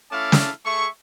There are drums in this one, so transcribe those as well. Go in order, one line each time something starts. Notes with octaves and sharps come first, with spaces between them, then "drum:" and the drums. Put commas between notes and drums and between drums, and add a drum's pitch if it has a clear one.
A3 C#4 E4 F5 A5 D6
drum: snare
A3 G#4 E5 C#6